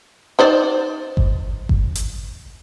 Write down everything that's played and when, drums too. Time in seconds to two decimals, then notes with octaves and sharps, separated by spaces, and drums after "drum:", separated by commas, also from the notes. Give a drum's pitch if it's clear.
0.39 D#4 C5 D5
1.17 drum: kick G1
1.69 drum: kick G1
1.95 drum: hi-hat